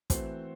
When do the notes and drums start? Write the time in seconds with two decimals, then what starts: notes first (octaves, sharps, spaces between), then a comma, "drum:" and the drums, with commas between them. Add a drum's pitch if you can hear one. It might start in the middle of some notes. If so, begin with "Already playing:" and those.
0.10 E3 A3 C4 F#4 C5, drum: kick, hi-hat